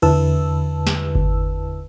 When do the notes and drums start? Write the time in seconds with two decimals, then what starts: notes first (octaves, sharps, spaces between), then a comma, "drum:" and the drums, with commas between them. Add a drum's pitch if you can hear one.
0.02 E2 D3 E4 B4 A5 E6, drum: cymbal
0.87 drum: snare
1.15 drum: kick G1